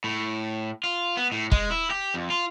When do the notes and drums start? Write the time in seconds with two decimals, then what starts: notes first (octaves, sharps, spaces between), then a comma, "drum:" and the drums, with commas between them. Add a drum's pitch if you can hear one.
0.04 A2
0.84 F4
1.17 B3
1.32 A2
1.52 G#3, drum: kick
1.70 E4
1.91 G4
2.14 F2
2.30 F4